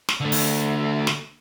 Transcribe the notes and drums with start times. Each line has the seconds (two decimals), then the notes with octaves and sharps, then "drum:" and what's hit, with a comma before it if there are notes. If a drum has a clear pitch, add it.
0.09 drum: snare
0.21 D3 A3
0.32 drum: open hi-hat
1.07 drum: snare